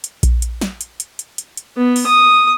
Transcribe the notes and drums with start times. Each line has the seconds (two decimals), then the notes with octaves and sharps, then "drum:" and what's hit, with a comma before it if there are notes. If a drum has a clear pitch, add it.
0.04 drum: hi-hat
0.23 drum: kick A#1, hi-hat
0.42 drum: hi-hat
0.61 drum: snare
0.81 drum: hi-hat
1.00 drum: hi-hat
1.19 drum: hi-hat
1.38 drum: hi-hat
1.57 drum: hi-hat
1.77 B3
1.96 drum: open hi-hat
2.07 D#6